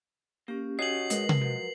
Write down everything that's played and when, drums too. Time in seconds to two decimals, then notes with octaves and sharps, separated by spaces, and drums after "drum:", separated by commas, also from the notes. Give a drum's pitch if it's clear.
0.48 A#3 C#4 G4
0.79 F#4 C#5 D#5 C7 F#7
1.10 G#3 A#4 B4, drum: hi-hat
1.29 drum: tom C3
1.41 F3 F#3